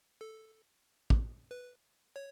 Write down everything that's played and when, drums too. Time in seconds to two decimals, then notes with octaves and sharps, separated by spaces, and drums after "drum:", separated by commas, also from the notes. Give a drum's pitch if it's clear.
0.21 A4
1.10 drum: kick A1
1.51 B4
2.16 C#5